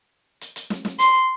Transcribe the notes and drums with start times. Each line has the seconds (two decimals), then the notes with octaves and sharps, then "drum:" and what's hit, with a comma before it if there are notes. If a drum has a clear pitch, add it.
0.41 drum: hi-hat
0.56 drum: hi-hat
0.70 drum: snare
0.85 drum: snare
0.99 C6, drum: hi-hat